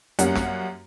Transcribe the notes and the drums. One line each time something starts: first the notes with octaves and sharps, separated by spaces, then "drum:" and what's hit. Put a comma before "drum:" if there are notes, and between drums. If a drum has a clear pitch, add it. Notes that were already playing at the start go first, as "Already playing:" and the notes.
F#2 G3 A#3 C#4 F#5, drum: hi-hat
drum: snare